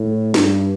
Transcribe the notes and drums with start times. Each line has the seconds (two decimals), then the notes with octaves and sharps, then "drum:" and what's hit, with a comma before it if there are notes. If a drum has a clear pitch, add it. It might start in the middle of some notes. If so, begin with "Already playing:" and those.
Already playing: A2
0.34 G2, drum: snare